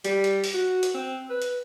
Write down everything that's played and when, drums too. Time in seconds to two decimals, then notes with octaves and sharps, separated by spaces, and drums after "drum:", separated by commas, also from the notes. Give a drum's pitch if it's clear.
0.04 G3, drum: hi-hat
0.24 drum: hi-hat
0.44 drum: open hi-hat
0.54 F#4
0.83 drum: hi-hat
0.95 C4
1.30 B4
1.42 drum: hi-hat